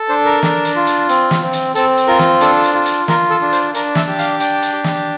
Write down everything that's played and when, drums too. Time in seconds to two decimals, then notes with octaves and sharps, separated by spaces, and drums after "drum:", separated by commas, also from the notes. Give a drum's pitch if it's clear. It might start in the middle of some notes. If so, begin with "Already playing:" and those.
Already playing: A4
0.09 D4 C5
0.25 A#4
0.43 D4, drum: snare
0.65 drum: hi-hat
0.76 F4
0.87 drum: hi-hat
1.09 C4, drum: hi-hat
1.31 drum: snare
1.42 C4
1.53 drum: hi-hat
1.75 C4 A4, drum: hi-hat
1.97 drum: hi-hat
2.08 F4 A#4
2.19 drum: snare
2.41 D4 A4, drum: hi-hat
2.63 drum: hi-hat
2.74 F4
2.85 drum: hi-hat
3.08 F4 A#4, drum: snare
3.30 A4
3.41 D4
3.52 C5, drum: hi-hat
3.74 D4 A#4, drum: hi-hat
3.95 E5, drum: snare
4.07 G4
4.19 F5, drum: hi-hat
4.40 D4 G5, drum: hi-hat
4.62 drum: hi-hat
4.73 G4
4.84 drum: snare